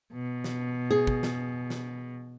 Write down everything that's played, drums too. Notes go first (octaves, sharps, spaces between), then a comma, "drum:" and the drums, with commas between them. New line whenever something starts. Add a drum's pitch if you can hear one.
B2
drum: snare
G#4
drum: kick
drum: snare
drum: snare